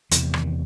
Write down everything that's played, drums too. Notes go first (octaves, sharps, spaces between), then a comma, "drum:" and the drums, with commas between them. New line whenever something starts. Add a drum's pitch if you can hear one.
E2 C3 E3, drum: hi-hat
D#3, drum: rim click